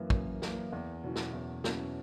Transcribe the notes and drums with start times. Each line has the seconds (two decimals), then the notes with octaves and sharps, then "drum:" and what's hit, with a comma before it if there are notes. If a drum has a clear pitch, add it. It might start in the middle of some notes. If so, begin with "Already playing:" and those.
Already playing: F#2 E3 A#3
0.10 F#2, drum: kick
0.42 E3 A#3, drum: snare
0.73 E2
1.04 B2 F#3 C#4 E4
1.15 drum: snare
1.33 E2
1.64 B2 F#3 C#4 E4, drum: snare